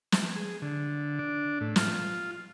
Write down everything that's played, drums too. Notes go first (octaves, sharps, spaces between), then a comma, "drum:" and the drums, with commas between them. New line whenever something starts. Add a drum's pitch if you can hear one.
drum: snare
G#4
D3
D4
A2
F4, drum: snare